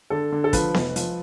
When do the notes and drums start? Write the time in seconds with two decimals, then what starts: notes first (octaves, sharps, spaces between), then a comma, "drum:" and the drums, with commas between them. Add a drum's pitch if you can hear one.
0.10 D3 A4
0.32 D3
0.44 A4
0.53 F3 B4, drum: kick, hi-hat
0.74 F1, drum: snare B3
0.96 F3, drum: hi-hat